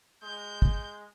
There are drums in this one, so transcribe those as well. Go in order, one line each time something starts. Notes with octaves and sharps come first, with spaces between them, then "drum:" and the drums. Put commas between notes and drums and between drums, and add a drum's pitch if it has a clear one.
G#3 G6
drum: kick